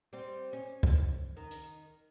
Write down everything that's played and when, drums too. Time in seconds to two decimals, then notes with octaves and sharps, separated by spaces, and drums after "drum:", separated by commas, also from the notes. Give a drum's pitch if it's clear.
0.13 G3 C4
0.53 C#4
0.83 drum: kick
1.37 D#3
1.51 drum: hi-hat